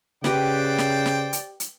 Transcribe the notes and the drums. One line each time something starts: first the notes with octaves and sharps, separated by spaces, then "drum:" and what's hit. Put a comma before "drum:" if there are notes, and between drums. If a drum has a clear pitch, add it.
C#3 G4 B4 C5 D5 F#5 G5, drum: snare
drum: snare
drum: snare
drum: hi-hat
drum: hi-hat